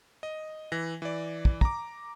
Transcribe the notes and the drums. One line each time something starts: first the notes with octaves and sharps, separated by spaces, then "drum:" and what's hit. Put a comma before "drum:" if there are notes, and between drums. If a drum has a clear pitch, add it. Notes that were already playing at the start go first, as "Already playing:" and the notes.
D#5
E3 A#6
E3 D5
drum: kick
A#5 D6, drum: kick